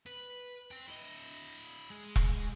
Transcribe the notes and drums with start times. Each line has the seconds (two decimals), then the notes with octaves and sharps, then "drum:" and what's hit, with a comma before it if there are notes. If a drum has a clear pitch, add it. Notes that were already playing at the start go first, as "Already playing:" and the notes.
0.06 B4
0.71 C4 G5
0.87 E4 D#5
1.91 G#3 G#4
2.16 drum: kick E1